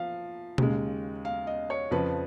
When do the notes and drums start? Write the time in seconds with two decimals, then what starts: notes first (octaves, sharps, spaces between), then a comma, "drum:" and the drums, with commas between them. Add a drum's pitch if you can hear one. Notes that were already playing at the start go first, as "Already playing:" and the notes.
Already playing: F3 F5
0.58 D#2 C#3 G#3, drum: tom B2
1.25 F5
1.47 D#5
1.70 C#5
1.91 F2 C#3 F3 B4